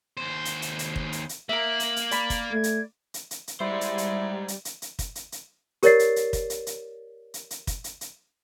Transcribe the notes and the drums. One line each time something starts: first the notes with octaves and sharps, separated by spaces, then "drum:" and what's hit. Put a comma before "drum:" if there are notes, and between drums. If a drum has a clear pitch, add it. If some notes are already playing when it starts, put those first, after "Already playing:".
D#2 C5
drum: hi-hat
drum: hi-hat
drum: hi-hat
drum: kick
drum: hi-hat
drum: hi-hat
A#3 A#4 E5 F#7
drum: hi-hat
drum: hi-hat
D5 B5, drum: hi-hat
drum: kick, hi-hat
A3 G#6
drum: hi-hat
drum: hi-hat
drum: hi-hat
drum: hi-hat
G3 G#3 E4 C5 D5
drum: hi-hat
drum: hi-hat
drum: hi-hat
drum: hi-hat
drum: hi-hat
drum: kick, hi-hat
drum: hi-hat
drum: hi-hat
G4 A#4 C#5 D5 A6 C7, drum: hi-hat
drum: hi-hat
drum: hi-hat
drum: kick, hi-hat
drum: hi-hat
drum: hi-hat
drum: hi-hat
drum: hi-hat
drum: kick, hi-hat
drum: hi-hat
drum: hi-hat